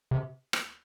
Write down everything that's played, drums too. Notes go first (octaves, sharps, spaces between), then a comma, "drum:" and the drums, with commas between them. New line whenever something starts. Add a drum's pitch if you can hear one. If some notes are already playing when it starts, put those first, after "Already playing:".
C3
drum: rim click